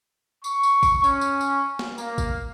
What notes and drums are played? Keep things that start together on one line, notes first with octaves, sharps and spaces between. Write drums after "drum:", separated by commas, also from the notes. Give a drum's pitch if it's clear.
C#6, drum: tambourine
drum: tambourine
drum: kick, tambourine
C#4, drum: tambourine
drum: tambourine
drum: tambourine
drum: snare
A#3, drum: tambourine
drum: kick, tambourine